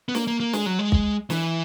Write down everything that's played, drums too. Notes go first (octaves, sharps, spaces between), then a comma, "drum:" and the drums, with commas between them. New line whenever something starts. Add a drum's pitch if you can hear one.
B3
A#3, drum: snare
A#3
A#3
G#3, drum: snare
F#3
G#3
drum: kick
E3, drum: snare